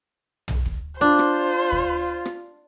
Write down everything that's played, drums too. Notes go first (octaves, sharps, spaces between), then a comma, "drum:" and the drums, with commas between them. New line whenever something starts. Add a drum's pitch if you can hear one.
drum: tom
drum: kick
D4 F4 C5
drum: rim click
drum: kick
drum: rim click